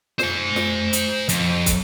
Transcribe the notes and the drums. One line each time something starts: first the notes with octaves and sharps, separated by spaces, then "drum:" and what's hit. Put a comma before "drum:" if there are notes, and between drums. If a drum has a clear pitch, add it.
C5 G#5, drum: snare
drum: snare
drum: hi-hat
F2, drum: hi-hat
drum: kick, hi-hat